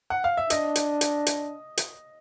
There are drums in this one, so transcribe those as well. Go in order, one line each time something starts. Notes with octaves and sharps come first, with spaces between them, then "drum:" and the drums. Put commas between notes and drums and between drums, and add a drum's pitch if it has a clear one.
F#5
F5
E5
D4 D#5, drum: hi-hat
drum: hi-hat
drum: hi-hat
drum: hi-hat
drum: hi-hat